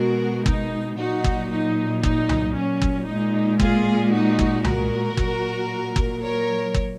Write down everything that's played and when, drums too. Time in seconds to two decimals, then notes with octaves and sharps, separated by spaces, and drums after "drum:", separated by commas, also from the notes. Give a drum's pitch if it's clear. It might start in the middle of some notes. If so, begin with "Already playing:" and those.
Already playing: B2 G#3 F#4 A#4
0.46 D#4, drum: kick
0.98 A#2 F#3 D#4 F#4
1.24 drum: kick
1.51 D#4
2.03 D#4, drum: kick
2.29 drum: tom C2
2.55 C#4
2.82 drum: kick
3.07 A#2 G#3 D#4
3.60 F4 G#4, drum: kick
4.12 D#4 F#4
4.39 drum: kick
4.64 F#4 A#4, drum: tom C2
5.17 A#2 F#3, drum: kick
5.96 drum: kick
6.21 A#4 C#5
6.74 drum: kick